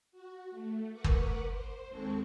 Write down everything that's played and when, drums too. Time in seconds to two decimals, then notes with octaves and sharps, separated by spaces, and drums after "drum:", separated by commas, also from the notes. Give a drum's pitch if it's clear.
0.12 F#4
0.51 A3
0.92 A#4 B4 F#5 C#6 D6
1.04 drum: kick
1.48 C5
1.88 D#2 G#3 C4 A4 C#6